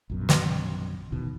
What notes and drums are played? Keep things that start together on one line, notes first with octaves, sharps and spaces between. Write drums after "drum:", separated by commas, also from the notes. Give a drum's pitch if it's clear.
A#1 F#2 B2
drum: snare
F#1 E2 B2 D#3